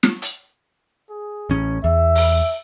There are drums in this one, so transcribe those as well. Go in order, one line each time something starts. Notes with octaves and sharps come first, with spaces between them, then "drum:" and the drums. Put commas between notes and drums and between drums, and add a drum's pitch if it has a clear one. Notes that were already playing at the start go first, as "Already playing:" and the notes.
drum: snare
drum: hi-hat
G#4
A1 C#4
E2 E5
drum: open hi-hat